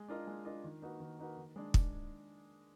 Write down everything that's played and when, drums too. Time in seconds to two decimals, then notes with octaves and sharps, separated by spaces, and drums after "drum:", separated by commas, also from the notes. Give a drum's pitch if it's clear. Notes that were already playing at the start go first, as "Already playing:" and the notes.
Already playing: G#3
0.08 D4 F4 A#4 D#5
0.27 G#3
0.45 D4 F4 A#4 D#5
0.64 D#3
0.82 A#3 D#4 F#4 B4
1.00 D#3
1.19 A#3 D#4 F#4 B4
1.37 D#3
1.56 G#3 D4
1.74 drum: kick